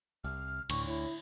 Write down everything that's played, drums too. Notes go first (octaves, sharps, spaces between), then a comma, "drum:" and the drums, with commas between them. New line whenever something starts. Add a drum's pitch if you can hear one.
C2 F6
D2 A2 C#6, drum: cymbal
E4 C#5